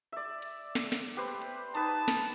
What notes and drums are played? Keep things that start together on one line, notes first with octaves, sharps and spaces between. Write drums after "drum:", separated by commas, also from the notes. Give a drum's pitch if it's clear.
D5 E5
drum: hi-hat
drum: snare
drum: snare
G4 B4 C5
drum: hi-hat
D#4 B4 A5, drum: hi-hat
drum: snare